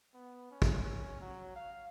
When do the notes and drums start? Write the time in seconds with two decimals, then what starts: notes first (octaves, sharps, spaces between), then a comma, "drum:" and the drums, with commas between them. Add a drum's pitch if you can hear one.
0.14 B3
0.51 C#4
0.62 drum: kick
1.21 F#3
1.56 F5